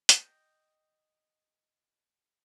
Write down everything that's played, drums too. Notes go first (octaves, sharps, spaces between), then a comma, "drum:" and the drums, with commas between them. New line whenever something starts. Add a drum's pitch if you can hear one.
D#5 G5, drum: hi-hat